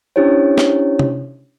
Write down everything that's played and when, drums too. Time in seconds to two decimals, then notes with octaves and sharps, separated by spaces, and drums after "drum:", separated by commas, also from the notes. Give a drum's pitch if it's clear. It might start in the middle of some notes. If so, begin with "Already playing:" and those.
0.16 C#4 D4 E4 G4 C5 C#5
0.58 drum: snare
0.99 drum: tom C3